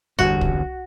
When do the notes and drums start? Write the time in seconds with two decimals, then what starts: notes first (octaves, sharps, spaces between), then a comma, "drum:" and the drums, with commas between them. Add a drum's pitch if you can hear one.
0.19 G1 E2 G2 F#4
0.41 drum: kick